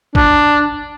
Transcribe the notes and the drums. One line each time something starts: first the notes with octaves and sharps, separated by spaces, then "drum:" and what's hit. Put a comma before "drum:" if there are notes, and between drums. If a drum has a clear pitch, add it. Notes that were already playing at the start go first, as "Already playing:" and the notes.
D4, drum: kick G#1